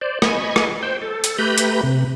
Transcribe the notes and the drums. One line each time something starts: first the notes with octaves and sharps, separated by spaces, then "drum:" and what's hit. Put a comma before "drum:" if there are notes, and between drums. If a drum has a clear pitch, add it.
C5 D5
D#5 G#5 B5 C#6, drum: rim click
drum: rim click
C5 G5
A4
drum: hi-hat
A3 G4 B4 A#5 B5 G6
drum: hi-hat
C3